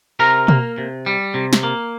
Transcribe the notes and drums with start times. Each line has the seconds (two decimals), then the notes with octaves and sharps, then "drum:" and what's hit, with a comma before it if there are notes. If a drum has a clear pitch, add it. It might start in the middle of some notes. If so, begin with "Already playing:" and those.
0.19 C3 A#4 A#5
0.48 A#3, drum: tom B2
0.78 C3
1.06 G3
1.34 C3
1.53 drum: snare
1.63 A#3